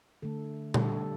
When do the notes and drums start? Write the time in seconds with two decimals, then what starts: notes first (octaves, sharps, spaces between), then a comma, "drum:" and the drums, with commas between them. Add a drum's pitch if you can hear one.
0.22 D3 A3 A4
0.74 D3 G3 A4, drum: tom A#2
0.92 A4